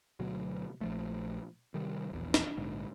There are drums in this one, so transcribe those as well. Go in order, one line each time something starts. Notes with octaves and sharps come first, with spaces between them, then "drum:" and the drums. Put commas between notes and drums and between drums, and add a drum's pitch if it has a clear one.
D2 B2 F#3
A#1 F3 A3
C3 D#3 G3
E1 A#1 E2
drum: snare
A#1 G#2 D3